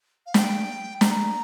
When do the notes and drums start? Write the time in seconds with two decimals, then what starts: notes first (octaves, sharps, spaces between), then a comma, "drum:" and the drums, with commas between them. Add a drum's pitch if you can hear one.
0.26 F5
0.34 G5, drum: snare
1.01 A#5, drum: snare